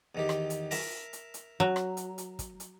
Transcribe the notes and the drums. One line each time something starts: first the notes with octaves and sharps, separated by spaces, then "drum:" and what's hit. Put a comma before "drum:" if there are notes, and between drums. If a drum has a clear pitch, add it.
E2 D#3 G4
drum: rim click
drum: hi-hat
A#4 E5 A5, drum: open hi-hat
drum: hi-hat
drum: hi-hat
F#3
drum: rim click
drum: hi-hat
drum: hi-hat
drum: kick, hi-hat
drum: hi-hat